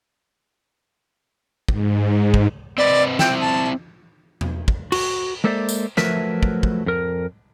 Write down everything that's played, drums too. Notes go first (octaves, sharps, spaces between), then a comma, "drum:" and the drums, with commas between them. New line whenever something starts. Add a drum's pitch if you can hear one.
G#2, drum: kick
drum: kick
C4 B4 D5 D#5
C4 E4 G5, drum: snare
A5
drum: tom E2
drum: kick
F#4, drum: cymbal
G#3 A#3 A4 C5 D5 E5
drum: tambourine
F3 F#3 A3 A#4 B4 E5, drum: snare
drum: kick
drum: kick
F2 A#4